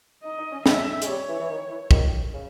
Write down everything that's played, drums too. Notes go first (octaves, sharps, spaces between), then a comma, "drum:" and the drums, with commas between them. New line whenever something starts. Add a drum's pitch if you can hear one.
D#4 D#5
D#4
C#4
G#3 E5, drum: snare
G#3, drum: hi-hat
G3 C#5
E3
E3
D#3
E3
D#3, drum: kick
C#3